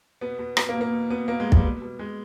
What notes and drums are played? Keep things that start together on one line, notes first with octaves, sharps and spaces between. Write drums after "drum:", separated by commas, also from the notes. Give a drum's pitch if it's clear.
B2 B3
B2
B2 B3, drum: rim click
A#3
B2
A#3
B2
B2 B3
B2 A#3
G#3
B2
G3, drum: kick
B2
B2
B2 G#3